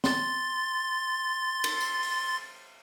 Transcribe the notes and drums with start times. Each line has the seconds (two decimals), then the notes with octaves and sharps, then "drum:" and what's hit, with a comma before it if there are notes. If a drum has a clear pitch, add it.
0.04 C6 A6, drum: snare C4
1.64 drum: cymbal
1.81 drum: tambourine
2.03 drum: open hi-hat